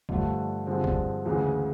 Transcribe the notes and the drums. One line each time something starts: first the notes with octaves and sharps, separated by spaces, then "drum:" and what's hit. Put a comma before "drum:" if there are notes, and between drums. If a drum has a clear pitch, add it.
G2 D3 F3 A3, drum: kick
G2 D3 F3 G#3 C4
drum: kick
D2 C#3 E3 G#3